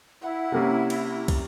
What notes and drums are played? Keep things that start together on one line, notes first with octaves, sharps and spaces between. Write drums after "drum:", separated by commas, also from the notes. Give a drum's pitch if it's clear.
E4 F#5
C3 A#3 C#4
drum: cymbal
drum: kick, cymbal